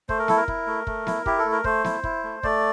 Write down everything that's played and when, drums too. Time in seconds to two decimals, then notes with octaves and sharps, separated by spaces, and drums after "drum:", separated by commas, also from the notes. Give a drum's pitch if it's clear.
0.09 A3 C5, drum: kick
0.19 A#4
0.28 E4 A4, drum: snare B3
0.37 A#4
0.48 E4, drum: kick
0.67 A3
0.87 A3, drum: kick
1.07 E4, drum: snare B3
1.26 E4 G4, drum: kick
1.39 A4
1.45 A3
1.52 A#4
1.64 A3 C5, drum: kick
1.84 E4, drum: snare B3
2.04 E4, drum: kick
2.24 A3
2.43 A3 D5, drum: kick